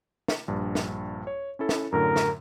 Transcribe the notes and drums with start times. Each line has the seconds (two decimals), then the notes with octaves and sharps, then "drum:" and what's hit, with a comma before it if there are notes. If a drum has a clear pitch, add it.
0.28 drum: snare
0.48 A#1 G2
0.75 drum: snare
1.27 C#5
1.59 C#4 E4 A4
1.69 drum: snare
1.92 F#2 A2 D3 A#4
2.16 drum: snare